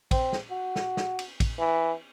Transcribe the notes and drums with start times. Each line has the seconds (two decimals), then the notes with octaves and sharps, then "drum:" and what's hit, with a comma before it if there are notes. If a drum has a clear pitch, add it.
0.11 C4, drum: kick, cymbal
0.33 drum: snare
0.50 F#4
0.76 drum: snare
0.97 drum: snare
1.19 drum: cymbal
1.40 drum: kick, cymbal
1.59 E3